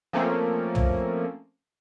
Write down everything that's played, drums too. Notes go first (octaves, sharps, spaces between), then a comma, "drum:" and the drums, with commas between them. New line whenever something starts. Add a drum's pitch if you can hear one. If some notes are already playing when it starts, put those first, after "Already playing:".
F3 A3 A#3 C4 C#4
drum: tom